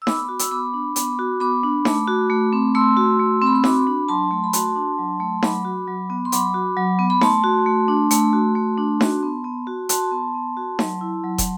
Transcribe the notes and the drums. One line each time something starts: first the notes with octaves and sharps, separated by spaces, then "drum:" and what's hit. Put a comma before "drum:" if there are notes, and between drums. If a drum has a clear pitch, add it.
E6
B3 B5 D6, drum: snare D#4
F#4
E6, drum: hi-hat
B3 B5 D6
D4
B3 B5 D6, drum: hi-hat
F#4
B3 B5 D6
D4
A3, drum: snare D#4
F#4
A3
C4
A3 C6 E6
F#4
A3
C4 B5
C6
F#4 B5 D6, drum: snare D#4
D4
F#3 A5 C6
A3
B5
F#4 A5 C6, drum: hi-hat
D4
F#3
A3
F#3 B5 D6, drum: snare D#4
F#4
F#3
B3
C6
F#3 B5 D6, drum: hi-hat
F#4
F#3
B3
B5
A3 A5 C6, drum: snare D#4
F#4
A3
D4
A3, drum: hi-hat
F#4
A3
D4
F#4, drum: snare D#4
B3
B3
F#4
F#4 A5 C6, drum: hi-hat
B3
B3
F#4
F#3, drum: snare D#4
E4
F#3
drum: kick, hi-hat